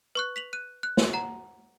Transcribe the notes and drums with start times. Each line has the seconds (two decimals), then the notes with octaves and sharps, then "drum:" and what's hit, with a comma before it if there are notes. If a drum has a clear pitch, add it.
0.15 B4 C#6 F#6
0.36 B6 F7 F#7
0.53 F#6 D#7
0.83 F#6
0.97 drum: snare A#3
1.13 F#5 A#5